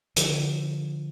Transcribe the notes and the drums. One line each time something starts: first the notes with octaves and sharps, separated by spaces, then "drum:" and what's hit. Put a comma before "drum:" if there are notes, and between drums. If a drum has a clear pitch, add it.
D3 F3, drum: hi-hat